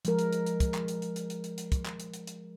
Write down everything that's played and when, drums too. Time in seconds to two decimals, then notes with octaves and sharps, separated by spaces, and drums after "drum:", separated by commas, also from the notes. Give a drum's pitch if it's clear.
0.05 F3 G#3 A#4, drum: hi-hat
0.19 drum: hi-hat
0.33 drum: hi-hat
0.46 drum: hi-hat
0.60 drum: kick, hi-hat
0.74 drum: clap
0.88 drum: hi-hat
1.02 drum: hi-hat
1.16 drum: hi-hat
1.30 drum: hi-hat
1.44 drum: hi-hat
1.58 drum: hi-hat
1.72 drum: kick, hi-hat
1.86 drum: clap
2.00 drum: hi-hat
2.14 drum: hi-hat
2.27 drum: hi-hat